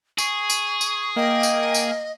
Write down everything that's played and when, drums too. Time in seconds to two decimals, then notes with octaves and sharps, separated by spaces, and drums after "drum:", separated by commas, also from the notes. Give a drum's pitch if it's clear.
0.18 G#4 C#6, drum: tambourine
0.50 drum: tambourine
0.81 drum: tambourine
1.16 A#3 D#5 G5
1.43 drum: tambourine
1.74 drum: tambourine